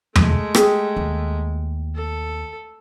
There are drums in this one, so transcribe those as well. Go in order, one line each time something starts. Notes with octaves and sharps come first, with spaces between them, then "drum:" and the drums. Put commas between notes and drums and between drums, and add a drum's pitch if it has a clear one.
G#3 A3, drum: tom E2
G4 G#4, drum: rim click
D#2
A4